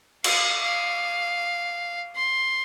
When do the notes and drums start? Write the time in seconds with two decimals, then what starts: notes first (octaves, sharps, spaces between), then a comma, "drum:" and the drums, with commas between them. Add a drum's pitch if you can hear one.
0.24 F5, drum: cymbal
0.62 F5
2.16 C6